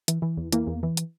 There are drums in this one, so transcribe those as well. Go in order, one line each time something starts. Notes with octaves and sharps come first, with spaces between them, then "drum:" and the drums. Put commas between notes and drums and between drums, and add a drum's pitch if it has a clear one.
E3, drum: hi-hat
E3
E2
E3 A#3, drum: hi-hat
E2
E3
drum: hi-hat